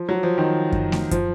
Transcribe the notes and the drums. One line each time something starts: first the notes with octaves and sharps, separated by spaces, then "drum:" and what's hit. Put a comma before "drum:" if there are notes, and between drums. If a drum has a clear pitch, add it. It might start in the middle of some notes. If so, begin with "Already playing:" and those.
Already playing: F3
F#3
F3
D#3
drum: kick F#2
drum: snare A3
F3, drum: kick F#2, hi-hat